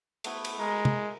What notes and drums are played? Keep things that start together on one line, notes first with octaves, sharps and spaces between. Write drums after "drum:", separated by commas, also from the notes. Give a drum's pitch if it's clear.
A3 B3 E4, drum: cymbal
drum: cymbal
G#3 A#4
drum: tom